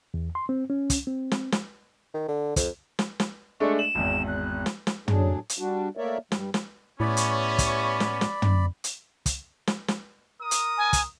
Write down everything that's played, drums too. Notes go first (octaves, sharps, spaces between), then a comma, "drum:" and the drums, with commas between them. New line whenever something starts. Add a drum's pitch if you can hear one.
E2
C6
C4
C#4
drum: kick, hi-hat
C4
drum: snare
drum: snare
D#3
D3
F2, drum: kick, hi-hat
drum: snare
drum: snare
G#3 A3 D4 C#6
E7 F#7
G#1 E2
F#6
drum: snare
drum: snare
A2 F#3 D4 G#4, drum: tom
drum: hi-hat
G3 D4 F#4
A3 A#3 A#4 C#5 D5 E5
G2 G3, drum: snare
drum: snare
A2 B3 C#4 E4 G4 C#5 D5 B5
drum: hi-hat
drum: kick, hi-hat
drum: snare
drum: snare
drum: tom
drum: hi-hat
drum: kick, hi-hat
drum: snare
drum: snare
A#4 D#6
drum: hi-hat
G#5
drum: kick, hi-hat